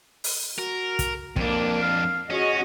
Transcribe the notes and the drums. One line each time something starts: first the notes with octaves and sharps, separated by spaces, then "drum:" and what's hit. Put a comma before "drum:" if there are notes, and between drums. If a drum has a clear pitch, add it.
drum: open hi-hat
F#4 A#4
drum: kick, hi-hat
F2 A#3 D4, drum: kick
F5
C#4 F#4 G#4 D#5